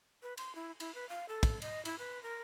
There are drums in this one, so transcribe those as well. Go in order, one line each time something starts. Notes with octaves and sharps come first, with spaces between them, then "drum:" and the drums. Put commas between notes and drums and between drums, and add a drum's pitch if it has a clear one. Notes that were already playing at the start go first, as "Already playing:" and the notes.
B4
C6, drum: cymbal
E4
E4, drum: cymbal
B4
F5
A4
drum: kick, cymbal
D#5, drum: cymbal
E4, drum: cymbal
B4
A#4